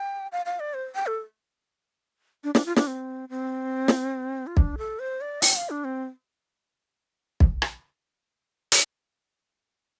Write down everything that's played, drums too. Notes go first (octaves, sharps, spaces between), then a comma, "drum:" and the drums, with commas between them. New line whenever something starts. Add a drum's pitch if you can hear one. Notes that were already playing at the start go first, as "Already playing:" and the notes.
Already playing: G5
F5
F5
D5
C5
G5
A4
D4
D4, drum: snare
F4
D4, drum: snare
C4
C4
drum: snare
F4
D4, drum: kick
A4
C5
D5
G5, drum: open hi-hat
F5
D4
C4
drum: kick
drum: rim click
drum: hi-hat